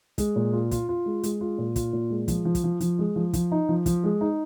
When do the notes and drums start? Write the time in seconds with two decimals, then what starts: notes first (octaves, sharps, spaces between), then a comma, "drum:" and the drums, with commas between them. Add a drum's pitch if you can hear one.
0.18 G#3, drum: kick, hi-hat
0.36 A#2
0.53 F4
0.71 F4, drum: kick, hi-hat
0.89 F4
1.06 G#3
1.23 G#3, drum: hi-hat
1.41 F4
1.58 A#2
1.76 F4, drum: kick, hi-hat
1.93 A#2
2.10 G#3
2.28 F3, drum: kick, hi-hat
2.45 F3
2.55 drum: kick, hi-hat
2.64 F3
2.80 F3, drum: hi-hat
2.99 G#3
3.16 F3
3.33 F3, drum: kick, hi-hat
3.52 D#4
3.69 F3
3.86 F3, drum: kick, hi-hat
4.04 G#3
4.21 D#4